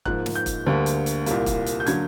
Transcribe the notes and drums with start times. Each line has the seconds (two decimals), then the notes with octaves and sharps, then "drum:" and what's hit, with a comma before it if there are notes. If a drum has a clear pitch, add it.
0.05 G#2 F3 A#3 F#6, drum: kick
0.26 drum: snare
0.36 G6
0.46 drum: kick, hi-hat
0.66 D2 D3 G3 A#3
0.86 drum: hi-hat
1.06 drum: hi-hat
1.26 C2 A#2 G3 A#3, drum: hi-hat
1.46 drum: kick, hi-hat
1.66 drum: hi-hat
1.80 G6
1.86 D3 F#3 A#3 G#6, drum: hi-hat